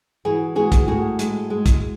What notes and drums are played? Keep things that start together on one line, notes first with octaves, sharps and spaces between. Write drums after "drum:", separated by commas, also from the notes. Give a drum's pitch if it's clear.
E3 F#4 G#4
G#3 F#4 G#4
drum: kick, hi-hat
A2 F#4 G#4
G#3, drum: hi-hat
G#3
drum: kick, hi-hat